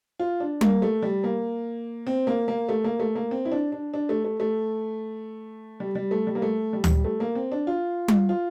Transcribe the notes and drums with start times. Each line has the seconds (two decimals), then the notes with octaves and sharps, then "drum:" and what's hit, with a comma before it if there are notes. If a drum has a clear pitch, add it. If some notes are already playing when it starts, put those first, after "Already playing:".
0.20 F4
0.40 D4
0.61 A#3, drum: tom G3
0.82 A3
1.02 G3
1.24 A#3
2.07 C4
2.27 A#3
2.48 A#3
2.69 A3
2.84 A#3
3.00 A3
3.15 A#3
3.31 C4
3.45 E4
3.52 D4
3.72 D4
3.94 D4
4.09 A3
4.24 A3
4.40 A3
5.80 G3
5.95 G3
6.11 A3
6.27 G3
6.35 A#3
6.42 A3
6.73 G3
6.84 drum: tom D2
7.04 A3
7.20 A#3
7.35 C4
7.52 D4
7.67 F4
8.08 drum: tom G3
8.29 F4